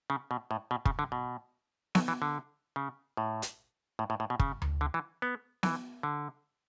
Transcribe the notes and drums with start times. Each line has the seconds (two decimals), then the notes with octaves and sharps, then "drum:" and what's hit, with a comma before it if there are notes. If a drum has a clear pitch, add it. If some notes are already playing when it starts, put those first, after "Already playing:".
0.10 C#3
0.31 B2
0.51 A2
0.71 B2
0.85 C#3, drum: kick
0.99 D3
1.12 B2
1.95 F#3, drum: snare B3
2.08 E3
2.22 D3
2.76 C#3
3.17 A2
3.42 drum: hi-hat
3.99 A2
4.10 A2
4.20 A2
4.30 B2
4.40 C#3, drum: kick
4.62 drum: tom D2
4.81 D3
4.94 E3
5.22 B3
5.63 E3, drum: snare B3
6.03 D3